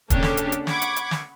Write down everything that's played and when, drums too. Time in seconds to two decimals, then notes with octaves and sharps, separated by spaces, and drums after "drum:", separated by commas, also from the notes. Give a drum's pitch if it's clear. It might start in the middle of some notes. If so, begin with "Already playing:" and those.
0.10 C#3 A#3 C#4 D4 G4 A4, drum: kick, hi-hat
0.23 drum: snare
0.37 drum: hi-hat
0.52 drum: hi-hat
0.67 F#5 B5 C#6 D6 G#6, drum: snare
0.82 drum: hi-hat
0.96 drum: hi-hat
1.11 drum: snare